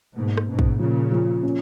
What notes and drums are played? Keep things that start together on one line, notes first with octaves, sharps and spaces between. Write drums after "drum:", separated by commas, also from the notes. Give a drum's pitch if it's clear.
G#2 B2 A#3
drum: rim click
G#2 B2 C#4
drum: kick
A#2 C#3 F3
F3
C#4